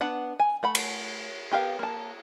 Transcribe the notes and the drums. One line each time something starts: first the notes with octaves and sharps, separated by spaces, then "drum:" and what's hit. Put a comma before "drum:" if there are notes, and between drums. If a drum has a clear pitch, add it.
B3 D4 F#5
G#5
A3 F#5 B5
drum: cymbal
B3 G4 A#4 F5
A#3 A5